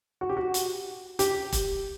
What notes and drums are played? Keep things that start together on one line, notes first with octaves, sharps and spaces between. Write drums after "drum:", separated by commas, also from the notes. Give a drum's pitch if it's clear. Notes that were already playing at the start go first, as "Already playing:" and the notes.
F#4
G4
F#4
drum: hi-hat
G4, drum: hi-hat
drum: kick E1, hi-hat